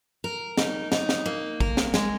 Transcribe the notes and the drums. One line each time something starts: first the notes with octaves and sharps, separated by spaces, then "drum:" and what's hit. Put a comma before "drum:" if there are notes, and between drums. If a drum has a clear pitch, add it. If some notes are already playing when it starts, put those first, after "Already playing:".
A#4
D#4, drum: snare
D#4, drum: snare
drum: snare
A#3
A#4, drum: kick
drum: snare
G#3, drum: snare